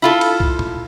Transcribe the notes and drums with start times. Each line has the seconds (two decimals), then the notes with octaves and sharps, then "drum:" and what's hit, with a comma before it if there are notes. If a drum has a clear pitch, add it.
0.02 E4 F4 A4
0.21 drum: cymbal
0.40 drum: kick
0.59 drum: tom A#2